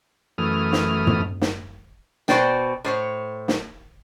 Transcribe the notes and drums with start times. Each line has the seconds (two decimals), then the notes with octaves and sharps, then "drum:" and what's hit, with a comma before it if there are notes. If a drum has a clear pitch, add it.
0.38 F#2 E3 A3 D#6 F6
0.73 drum: snare
1.07 drum: tom
1.41 drum: snare
2.28 B2 F#4 C5 D5 G5, drum: snare
2.84 A2 C5 C#5
3.48 drum: snare